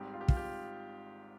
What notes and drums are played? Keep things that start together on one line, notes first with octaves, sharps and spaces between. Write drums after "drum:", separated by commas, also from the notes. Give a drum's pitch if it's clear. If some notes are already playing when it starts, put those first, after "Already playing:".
Already playing: G#1 G#2 G3 C4 G4
F4
G4
F4, drum: kick
G4